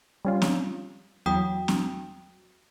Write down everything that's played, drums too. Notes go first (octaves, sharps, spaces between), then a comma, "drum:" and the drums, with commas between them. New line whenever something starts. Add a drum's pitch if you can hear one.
G3 C#4 F4
drum: snare
E2 F#3 F#4 G5 D#6
drum: snare